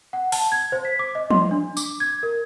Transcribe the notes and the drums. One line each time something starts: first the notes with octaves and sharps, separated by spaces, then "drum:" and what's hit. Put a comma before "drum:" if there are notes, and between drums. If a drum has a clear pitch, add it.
F#5
A5, drum: open hi-hat
G#6
C5
B6
D6
D#5
C6, drum: tom
D4
D6, drum: tambourine
G#6
A#4